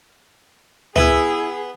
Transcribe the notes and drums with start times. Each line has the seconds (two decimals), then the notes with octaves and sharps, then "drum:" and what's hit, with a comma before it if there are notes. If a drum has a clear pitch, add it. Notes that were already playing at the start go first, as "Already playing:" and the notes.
0.96 B3 E4 G#4 E5, drum: tom C#2